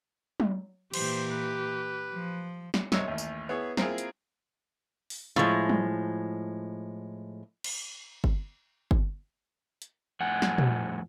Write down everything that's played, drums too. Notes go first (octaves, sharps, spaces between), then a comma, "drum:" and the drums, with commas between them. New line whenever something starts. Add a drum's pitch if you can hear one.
drum: tom F#3
A#2 E3 G4 C5, drum: cymbal
B4
F3
drum: snare
C2 F#2 C3 C#5 D#5 E6, drum: snare
A1 D#2
drum: tambourine
B3 E4 G#4 C#5
A#3 C4 E4 F4 G#4, drum: snare
drum: hi-hat
drum: open hi-hat
A2 F3 G#3
drum: tom F#3
drum: cymbal
drum: kick G1
drum: kick G1
drum: hi-hat
F2 A2 F#5 G#5
drum: snare
drum: tom A#2